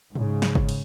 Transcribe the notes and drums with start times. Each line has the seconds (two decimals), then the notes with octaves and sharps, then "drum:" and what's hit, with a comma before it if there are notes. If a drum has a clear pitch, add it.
0.16 G#2 C#3, drum: tom G#2
0.42 drum: snare
0.55 drum: kick G1
0.69 drum: cymbal